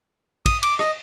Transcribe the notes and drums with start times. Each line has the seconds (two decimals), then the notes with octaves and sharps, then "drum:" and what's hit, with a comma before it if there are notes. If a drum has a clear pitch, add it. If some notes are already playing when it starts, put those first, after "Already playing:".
0.46 D#6, drum: kick, cymbal
0.63 D6, drum: cymbal
0.79 D#5, drum: rim click